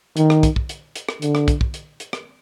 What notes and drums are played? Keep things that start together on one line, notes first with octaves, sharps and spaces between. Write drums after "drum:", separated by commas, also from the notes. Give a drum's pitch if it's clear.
D#3, drum: hi-hat
drum: rim click
drum: kick, hi-hat
drum: kick
drum: hi-hat
drum: hi-hat
drum: rim click
D3, drum: hi-hat
drum: rim click
drum: kick, hi-hat
drum: kick
drum: hi-hat
drum: hi-hat
drum: rim click